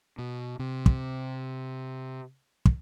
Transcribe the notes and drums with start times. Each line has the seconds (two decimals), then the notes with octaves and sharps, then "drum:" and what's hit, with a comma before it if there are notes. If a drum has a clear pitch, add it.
0.18 B2
0.59 C3
0.86 drum: kick
2.65 drum: kick